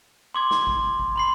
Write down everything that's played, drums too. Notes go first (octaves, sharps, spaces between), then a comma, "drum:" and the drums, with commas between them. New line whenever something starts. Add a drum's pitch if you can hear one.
C6 D6 G#6
drum: snare
drum: kick G#1
drum: kick G#1
B5 C6 C7